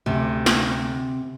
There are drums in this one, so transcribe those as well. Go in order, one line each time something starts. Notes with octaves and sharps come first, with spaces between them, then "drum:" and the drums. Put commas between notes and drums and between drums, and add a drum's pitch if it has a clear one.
D2 C3
drum: snare